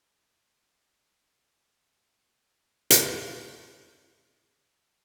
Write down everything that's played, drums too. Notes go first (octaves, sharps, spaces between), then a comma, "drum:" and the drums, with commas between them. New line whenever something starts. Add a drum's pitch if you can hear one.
G6
E6
G#4
F#5
D#5
C7
C#6
A#4
G#5
D7
B5
D#6
drum: hi-hat
D#6 E6